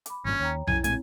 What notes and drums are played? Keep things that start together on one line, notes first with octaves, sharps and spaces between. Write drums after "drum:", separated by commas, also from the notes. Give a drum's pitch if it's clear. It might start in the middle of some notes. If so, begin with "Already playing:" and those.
B5 D6, drum: hi-hat
G#1 G2 A#2 C#4
D#2 C#5 G5 A#5
F#2 E4 G#5, drum: tom B1
A#2 G#3 A3 C4 G#5, drum: hi-hat